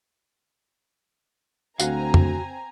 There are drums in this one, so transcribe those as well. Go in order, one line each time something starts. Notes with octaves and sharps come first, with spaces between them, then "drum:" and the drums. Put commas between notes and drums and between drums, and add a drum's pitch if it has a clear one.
D2 C4 F#4 F5 G#5 A#5, drum: tambourine
drum: tom F2